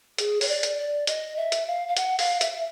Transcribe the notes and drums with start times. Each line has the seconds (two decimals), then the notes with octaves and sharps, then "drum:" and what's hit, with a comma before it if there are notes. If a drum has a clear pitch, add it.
0.18 G#4, drum: hi-hat
0.41 C#5, drum: open hi-hat
0.48 D5
0.63 drum: hi-hat
0.78 D5
1.07 D#5, drum: hi-hat
1.37 E5
1.52 drum: hi-hat
1.67 F5
1.88 F5
1.97 F#5, drum: hi-hat
2.19 F5, drum: open hi-hat
2.41 E5, drum: hi-hat